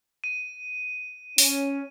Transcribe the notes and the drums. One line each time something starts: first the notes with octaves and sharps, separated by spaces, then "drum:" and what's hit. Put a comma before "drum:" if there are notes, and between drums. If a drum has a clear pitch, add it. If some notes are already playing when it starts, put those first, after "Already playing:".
D#7
C#4, drum: open hi-hat